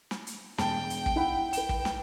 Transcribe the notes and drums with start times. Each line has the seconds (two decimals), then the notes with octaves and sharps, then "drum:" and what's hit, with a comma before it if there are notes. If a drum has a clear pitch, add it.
0.11 drum: snare
0.27 drum: hi-hat
0.58 E1 G5 A5, drum: snare
0.90 drum: hi-hat
1.06 drum: kick
1.16 E4 F#5 B5
1.53 B4 G5 E7, drum: hi-hat
1.69 drum: kick
1.85 drum: snare